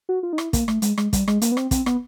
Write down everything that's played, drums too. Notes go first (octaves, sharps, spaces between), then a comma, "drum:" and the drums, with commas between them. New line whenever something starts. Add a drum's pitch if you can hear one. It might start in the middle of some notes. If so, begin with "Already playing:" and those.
F#4
F4
D#4
E4, drum: rim click
A#3, drum: kick, hi-hat
A3, drum: rim click
G#3, drum: hi-hat
G#3, drum: rim click
G3, drum: kick, hi-hat
G#3, drum: rim click
A#3, drum: hi-hat
B3
C4, drum: rim click
C4, drum: kick, hi-hat
B3, drum: rim click